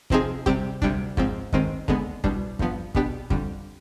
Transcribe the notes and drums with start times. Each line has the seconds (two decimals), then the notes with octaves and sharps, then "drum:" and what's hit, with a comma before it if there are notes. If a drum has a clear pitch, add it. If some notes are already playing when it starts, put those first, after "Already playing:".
0.10 C3 F3 C4 D#4 G#4, drum: kick
0.46 C3 G3 C4 G4, drum: kick
0.82 D2 C3 G3 D4, drum: kick
1.17 G#2 F3 C4, drum: kick
1.53 G1 G2 D#3 G#3 C4, drum: kick
1.88 D#2 D3 G#3 B3, drum: kick
2.24 C2 B2 G3 D4, drum: kick
2.59 G1 G2 F3 B3, drum: kick
2.95 B1 B2 B3 D4 G4, drum: kick
3.30 F2 D3 G3, drum: kick